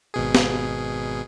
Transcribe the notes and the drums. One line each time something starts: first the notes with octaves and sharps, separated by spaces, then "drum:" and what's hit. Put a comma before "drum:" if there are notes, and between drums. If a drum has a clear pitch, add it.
G#1 B2 G#4
drum: snare